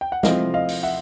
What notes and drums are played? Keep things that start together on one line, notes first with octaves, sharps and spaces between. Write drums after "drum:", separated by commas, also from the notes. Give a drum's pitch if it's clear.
G5
F#5
C3 F3 A3 C4 E4 D#5 F5, drum: snare
D#5 F5
drum: open hi-hat
E5 F#5